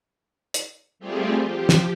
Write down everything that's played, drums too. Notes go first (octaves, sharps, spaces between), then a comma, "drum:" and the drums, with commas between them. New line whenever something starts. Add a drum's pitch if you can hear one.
drum: hi-hat
G3 A3 C4 F4 G4 G#4
F3 G4
drum: snare